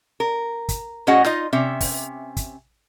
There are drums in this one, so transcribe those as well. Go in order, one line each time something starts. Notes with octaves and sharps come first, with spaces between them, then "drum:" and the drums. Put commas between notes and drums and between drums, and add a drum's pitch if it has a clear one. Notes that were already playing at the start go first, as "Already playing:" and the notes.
A#4
drum: kick, hi-hat
A2 C#4 F#4 G#4 D#5 F#5
D#4 F4 D#5, drum: snare
C3 C#4 E5
drum: kick, open hi-hat
drum: kick, hi-hat